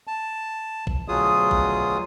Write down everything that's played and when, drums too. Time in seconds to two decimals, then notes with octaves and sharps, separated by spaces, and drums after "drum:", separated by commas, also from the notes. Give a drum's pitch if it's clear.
0.07 A5
0.87 drum: kick
1.08 D2 B2 F#3 F4 G#4 D#6
1.51 drum: kick